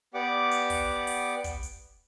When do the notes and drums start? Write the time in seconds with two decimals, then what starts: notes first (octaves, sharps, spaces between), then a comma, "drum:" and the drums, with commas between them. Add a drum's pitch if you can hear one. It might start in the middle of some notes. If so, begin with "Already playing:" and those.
0.14 B3 G4 D5 F#5 D6
0.51 drum: hi-hat
0.70 drum: kick, open hi-hat
1.07 drum: open hi-hat
1.44 drum: kick, hi-hat
1.63 drum: hi-hat